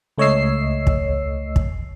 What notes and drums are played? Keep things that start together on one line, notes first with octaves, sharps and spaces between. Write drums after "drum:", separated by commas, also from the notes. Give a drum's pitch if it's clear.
C#2 A3 C#5 D#5 E6 C7
drum: kick
drum: kick